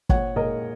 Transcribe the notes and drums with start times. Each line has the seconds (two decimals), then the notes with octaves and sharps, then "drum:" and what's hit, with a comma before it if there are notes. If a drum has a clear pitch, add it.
0.09 A#1 C#5 F#5, drum: kick
0.36 A#2 G#3 A#4 D#5